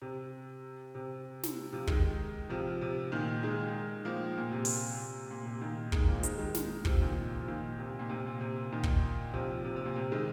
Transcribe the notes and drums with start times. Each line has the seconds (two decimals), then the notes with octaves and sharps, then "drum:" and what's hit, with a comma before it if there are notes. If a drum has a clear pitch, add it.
0.02 C3
0.95 C3
1.43 drum: snare
1.73 C3 F3
1.88 D#3 G#3, drum: kick
2.50 C3 F3
2.81 C3
3.12 A#2 D#3
3.43 D#3 G#3
4.05 F3 A#3
4.37 A#2
4.52 C3
4.65 drum: open hi-hat
5.31 A#2
5.46 C3
5.61 A#2 D#3
5.92 D#3 G#3, drum: kick
6.07 F3 A#3
6.19 F3
6.23 D#3 G#3, drum: hi-hat
6.38 D#3 G#3
6.55 drum: snare
6.85 C3 F3, drum: kick
7.01 A#2 D#3
7.42 F3
7.48 A#2 D#3
7.78 C3
7.99 A#2
8.09 C3
8.26 A#2
8.41 C3
8.72 A#2 D#3
8.84 drum: kick
9.34 C3 F3
9.65 C3
9.76 C3
9.86 A#2
9.96 C3
10.12 D#3 G#3